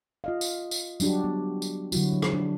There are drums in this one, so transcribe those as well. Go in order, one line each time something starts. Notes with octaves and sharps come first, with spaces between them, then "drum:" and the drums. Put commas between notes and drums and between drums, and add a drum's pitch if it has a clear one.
F4 D#5 F5
drum: tambourine
drum: tambourine
F#3 G3 D4 F#4 G4, drum: tambourine
B3
drum: tambourine
D3 F#3 E4 F#4, drum: tambourine
F3
drum: rim click
D4